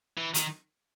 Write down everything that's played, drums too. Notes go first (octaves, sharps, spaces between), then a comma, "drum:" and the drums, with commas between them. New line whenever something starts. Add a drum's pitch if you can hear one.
E3
D#3, drum: hi-hat